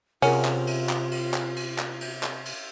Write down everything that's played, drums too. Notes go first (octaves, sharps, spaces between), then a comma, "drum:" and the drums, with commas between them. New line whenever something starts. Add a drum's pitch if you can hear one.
C3 C#4 F4 G#4 A#4 F#5, drum: cymbal
drum: clap
drum: cymbal
drum: clap
drum: cymbal
drum: clap
drum: cymbal
drum: clap
drum: cymbal
drum: clap
drum: cymbal